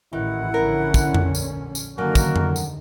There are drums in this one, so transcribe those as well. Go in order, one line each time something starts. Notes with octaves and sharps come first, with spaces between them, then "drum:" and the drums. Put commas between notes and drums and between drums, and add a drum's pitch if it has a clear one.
A1 D#3 E4 F#5
A#1 D3 C#4 A#4
drum: kick, tambourine
drum: tom F2
drum: tambourine
drum: tambourine
F#2 D3 D#3 F#3 A#3 F#4 A#4
drum: kick, tambourine
drum: tom F2
drum: tambourine